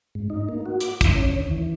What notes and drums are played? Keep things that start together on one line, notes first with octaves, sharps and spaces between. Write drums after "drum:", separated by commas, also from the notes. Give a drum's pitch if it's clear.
G#2
D#4
A#3
F#4
D6, drum: hi-hat
E3, drum: kick, hi-hat
C#4
D#2
E3